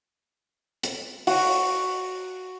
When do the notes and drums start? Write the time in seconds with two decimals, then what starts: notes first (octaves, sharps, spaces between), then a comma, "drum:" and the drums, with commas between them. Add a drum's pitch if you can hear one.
0.83 drum: hi-hat
1.27 F#4, drum: open hi-hat